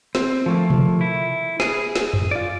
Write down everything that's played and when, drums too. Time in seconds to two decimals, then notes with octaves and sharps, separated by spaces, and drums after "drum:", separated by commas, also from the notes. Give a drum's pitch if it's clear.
0.15 C4, drum: snare
0.46 F3 A3 A#3
0.70 drum: tom B2
1.01 E4
1.60 G#4, drum: snare
1.96 drum: snare
2.13 drum: tom F2
2.31 F4 D5